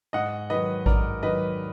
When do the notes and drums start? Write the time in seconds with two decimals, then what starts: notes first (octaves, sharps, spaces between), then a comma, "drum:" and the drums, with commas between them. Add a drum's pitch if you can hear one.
0.13 G#2 D#5 F#5
0.50 D#3 F#3 B4 D#5
0.86 G#2 A#4 D5, drum: kick A1
1.23 D#3 F#3 B4 D#5